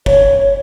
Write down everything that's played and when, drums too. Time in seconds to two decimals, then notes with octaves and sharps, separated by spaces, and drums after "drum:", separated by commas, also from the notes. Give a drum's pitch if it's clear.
0.06 C#5, drum: kick